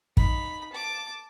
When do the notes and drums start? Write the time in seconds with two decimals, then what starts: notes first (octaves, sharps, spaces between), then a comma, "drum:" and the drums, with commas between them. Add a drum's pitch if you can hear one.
0.17 D#4 B5, drum: kick
0.73 A5 D6